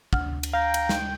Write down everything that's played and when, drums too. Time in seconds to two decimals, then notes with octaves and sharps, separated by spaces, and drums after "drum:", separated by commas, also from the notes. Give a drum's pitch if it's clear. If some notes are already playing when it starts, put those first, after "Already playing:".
0.13 D2 F6, drum: kick
0.43 drum: cymbal
0.54 F5 G5 A#5
0.74 drum: cymbal
0.89 drum: snare